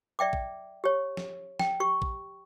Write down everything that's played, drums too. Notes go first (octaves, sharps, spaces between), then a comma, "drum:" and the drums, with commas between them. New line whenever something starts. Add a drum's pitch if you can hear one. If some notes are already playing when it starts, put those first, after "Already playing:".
D5 E5 G5 D6
drum: kick A#1
G4 C#5
drum: snare
G5, drum: snare
G4 C#6
drum: kick A#1